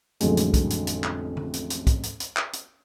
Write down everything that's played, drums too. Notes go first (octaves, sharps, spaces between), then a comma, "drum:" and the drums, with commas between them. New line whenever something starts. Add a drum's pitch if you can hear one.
A1 F2 D3 F#3 G#3, drum: hi-hat
drum: hi-hat
drum: kick B1, hi-hat
drum: hi-hat
drum: hi-hat
drum: clap
drum: tom D3
drum: hi-hat
drum: hi-hat
drum: kick B1, hi-hat
drum: hi-hat
drum: hi-hat
drum: clap
drum: hi-hat